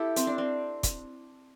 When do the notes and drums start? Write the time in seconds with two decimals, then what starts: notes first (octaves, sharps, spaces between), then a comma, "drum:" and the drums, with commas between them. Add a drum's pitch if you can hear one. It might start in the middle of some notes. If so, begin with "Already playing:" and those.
Already playing: E4 G4 A4
0.16 C4, drum: hi-hat
0.27 D4
0.38 C4
0.83 drum: kick, hi-hat